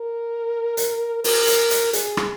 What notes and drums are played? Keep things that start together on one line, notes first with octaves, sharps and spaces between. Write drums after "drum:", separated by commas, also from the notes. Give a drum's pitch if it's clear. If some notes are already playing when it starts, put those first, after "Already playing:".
Already playing: A#4
drum: hi-hat
A#4, drum: open hi-hat
drum: hi-hat
drum: hi-hat
G#4, drum: hi-hat
drum: rim click